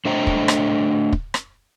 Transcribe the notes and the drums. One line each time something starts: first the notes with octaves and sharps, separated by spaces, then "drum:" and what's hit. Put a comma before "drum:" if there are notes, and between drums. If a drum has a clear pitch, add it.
A3 D4 C5 D#5 G5 A#5
drum: kick
drum: rim click
drum: kick
drum: rim click